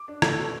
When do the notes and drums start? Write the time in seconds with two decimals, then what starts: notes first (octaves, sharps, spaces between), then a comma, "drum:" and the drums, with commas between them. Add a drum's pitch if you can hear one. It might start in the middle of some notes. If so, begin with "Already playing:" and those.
Already playing: D6
0.08 D4
0.22 A3, drum: rim click
0.38 B2